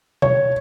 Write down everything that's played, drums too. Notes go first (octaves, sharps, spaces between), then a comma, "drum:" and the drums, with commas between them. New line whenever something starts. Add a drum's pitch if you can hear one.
C#5, drum: tom B2